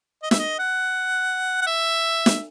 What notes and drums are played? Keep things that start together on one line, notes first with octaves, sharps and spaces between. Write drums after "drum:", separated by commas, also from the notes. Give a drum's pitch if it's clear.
D#5
E5, drum: snare
D#5
F#5
F#5
E5
drum: snare